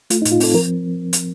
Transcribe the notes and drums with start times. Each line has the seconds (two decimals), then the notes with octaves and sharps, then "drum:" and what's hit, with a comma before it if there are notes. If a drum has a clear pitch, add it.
0.10 A3 F4, drum: hi-hat
0.22 D#4
0.25 A2, drum: hi-hat
0.32 F4
0.40 C4 A4, drum: open hi-hat
0.54 F3 A#4
1.13 drum: hi-hat